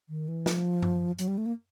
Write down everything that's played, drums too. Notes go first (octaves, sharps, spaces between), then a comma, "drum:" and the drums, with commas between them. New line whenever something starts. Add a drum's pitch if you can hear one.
D#3
E3
F3, drum: snare
drum: tom F#2
F#3, drum: hi-hat
G3
A3
A#3